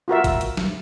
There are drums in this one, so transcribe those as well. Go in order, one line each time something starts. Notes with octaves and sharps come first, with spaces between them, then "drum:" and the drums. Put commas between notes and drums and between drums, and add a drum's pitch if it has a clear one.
F4 F#4 A#4 E5
drum: kick G#1, hi-hat
drum: hi-hat
drum: snare